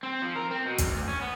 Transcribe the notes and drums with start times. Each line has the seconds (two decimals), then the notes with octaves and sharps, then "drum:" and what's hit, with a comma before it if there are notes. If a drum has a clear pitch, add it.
0.03 C4
0.22 F3
0.36 A#4
0.51 C4
0.66 B2
0.78 E2, drum: kick, hi-hat
0.91 D2
1.08 C#4
1.21 B3